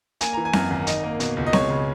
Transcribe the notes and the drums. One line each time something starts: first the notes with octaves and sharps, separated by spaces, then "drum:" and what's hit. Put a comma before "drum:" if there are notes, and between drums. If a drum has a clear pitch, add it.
A#3 G#5, drum: hi-hat
E3 A#5
G#5
F#2, drum: snare C4
G#1
D#4, drum: hi-hat
A#3
B2, drum: hi-hat
C#2
D#5
G#3 C#5, drum: snare C4
C#3